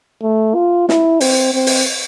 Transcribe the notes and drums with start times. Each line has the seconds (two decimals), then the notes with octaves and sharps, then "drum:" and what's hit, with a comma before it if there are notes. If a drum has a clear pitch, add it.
0.22 A3
0.55 F4
0.89 E4, drum: snare
1.20 C4, drum: open hi-hat
1.54 C4
1.67 drum: open hi-hat